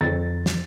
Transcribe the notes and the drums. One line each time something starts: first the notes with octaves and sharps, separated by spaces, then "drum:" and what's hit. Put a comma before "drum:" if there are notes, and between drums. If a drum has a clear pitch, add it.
F2 A6
drum: snare